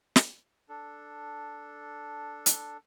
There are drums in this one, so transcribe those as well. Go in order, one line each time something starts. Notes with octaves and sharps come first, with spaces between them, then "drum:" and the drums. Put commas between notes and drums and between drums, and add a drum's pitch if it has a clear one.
drum: snare
D4 A4
drum: hi-hat